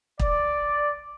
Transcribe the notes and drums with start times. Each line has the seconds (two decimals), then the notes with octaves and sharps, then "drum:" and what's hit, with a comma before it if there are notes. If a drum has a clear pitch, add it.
0.19 D5, drum: kick